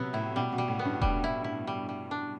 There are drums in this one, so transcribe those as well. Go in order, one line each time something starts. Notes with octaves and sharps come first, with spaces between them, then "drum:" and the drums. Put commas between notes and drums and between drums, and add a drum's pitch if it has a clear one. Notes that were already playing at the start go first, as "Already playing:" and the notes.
Already playing: C3 F#3 B3
A2 E4
B2 G3
B2
G3
A2
B3
G2
G3, drum: kick E1
E4
E4
G3
G3
D4